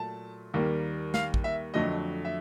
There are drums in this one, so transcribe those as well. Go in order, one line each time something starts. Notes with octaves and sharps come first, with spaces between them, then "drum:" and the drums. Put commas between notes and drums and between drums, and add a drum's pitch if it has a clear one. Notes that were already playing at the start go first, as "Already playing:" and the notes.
Already playing: A#2 F#3 A3 A5
D#2 D#3 G3 A#3
F5, drum: snare
drum: kick
E5
F2 D3 F#3 A3 D#5
E5